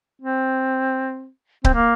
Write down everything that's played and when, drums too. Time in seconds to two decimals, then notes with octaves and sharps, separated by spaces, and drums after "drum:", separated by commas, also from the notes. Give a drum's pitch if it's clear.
0.22 C4
1.64 C4, drum: kick C#1
1.74 A#3